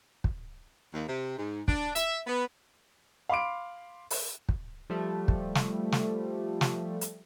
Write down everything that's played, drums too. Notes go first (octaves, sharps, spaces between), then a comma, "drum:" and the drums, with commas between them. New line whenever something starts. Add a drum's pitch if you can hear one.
drum: kick
D#2
C3
G#2
D4, drum: kick
E5, drum: hi-hat
B3
F5 B5 C6 D6 D7
drum: open hi-hat
drum: kick
F3 G3 A3
drum: kick
drum: snare
drum: snare
drum: snare
drum: hi-hat